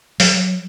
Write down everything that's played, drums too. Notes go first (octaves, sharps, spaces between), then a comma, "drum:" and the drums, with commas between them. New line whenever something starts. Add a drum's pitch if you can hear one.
F#3, drum: open hi-hat